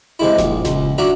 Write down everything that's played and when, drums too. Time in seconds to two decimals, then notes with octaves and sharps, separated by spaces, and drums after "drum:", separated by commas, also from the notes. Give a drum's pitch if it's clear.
0.19 C3 G#3 E4
0.38 A#1, drum: snare F1
0.65 C#2, drum: snare F1
0.98 D4 F#4 E5 A#5